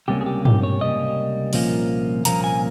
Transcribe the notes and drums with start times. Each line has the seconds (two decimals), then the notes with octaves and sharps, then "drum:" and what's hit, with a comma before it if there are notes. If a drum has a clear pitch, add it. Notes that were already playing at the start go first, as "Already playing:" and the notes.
0.08 C#2 C3 G3 A#3 C#4 G4
0.21 G#4
0.26 G4
0.45 G4, drum: tom
0.63 C#5
0.81 C#2 C3 G3 A#3 C#4 D#5
1.53 C2 A#2 F3 A#3 C#4, drum: open hi-hat
2.25 C2 A#2 F3 A#3 C#4 A#5, drum: hi-hat
2.44 G#5